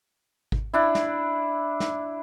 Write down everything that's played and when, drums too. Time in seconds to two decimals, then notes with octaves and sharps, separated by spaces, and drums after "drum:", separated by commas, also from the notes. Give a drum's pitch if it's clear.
0.52 drum: kick G#1
0.74 D4 E4
0.95 drum: snare
1.80 drum: snare